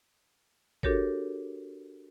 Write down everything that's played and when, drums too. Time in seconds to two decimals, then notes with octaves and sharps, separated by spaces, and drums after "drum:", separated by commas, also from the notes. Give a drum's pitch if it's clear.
0.83 D4 F#4 G4 A4 A#4 C#5, drum: kick